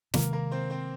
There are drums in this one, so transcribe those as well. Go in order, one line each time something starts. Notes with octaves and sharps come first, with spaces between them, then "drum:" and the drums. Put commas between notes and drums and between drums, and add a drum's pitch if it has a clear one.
C3 D#3 G#3 A#3 A#4, drum: snare
A#3 A#4
C4 C5
C4 C5